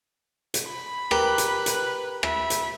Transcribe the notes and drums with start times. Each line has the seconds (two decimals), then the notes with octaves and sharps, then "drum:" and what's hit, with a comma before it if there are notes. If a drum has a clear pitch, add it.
0.54 drum: hi-hat
0.68 B5
1.11 G4 A#4 B4 A#5, drum: rim click
1.38 drum: hi-hat
1.66 drum: hi-hat
2.23 E5 B5, drum: rim click
2.50 drum: hi-hat